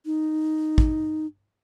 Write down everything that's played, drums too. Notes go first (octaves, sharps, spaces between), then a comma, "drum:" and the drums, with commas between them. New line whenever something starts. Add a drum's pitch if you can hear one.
D#4
drum: kick